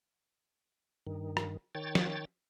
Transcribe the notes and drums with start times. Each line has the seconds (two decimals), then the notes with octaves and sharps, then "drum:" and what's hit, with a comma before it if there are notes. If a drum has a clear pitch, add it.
1.07 G2 D#3
1.37 drum: rim click
1.75 D#3 C#5 G5 A6
1.95 drum: snare